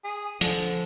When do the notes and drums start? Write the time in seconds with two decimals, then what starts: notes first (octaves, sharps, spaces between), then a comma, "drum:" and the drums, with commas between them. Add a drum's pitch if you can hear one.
0.04 G#4
0.41 D3 F3, drum: hi-hat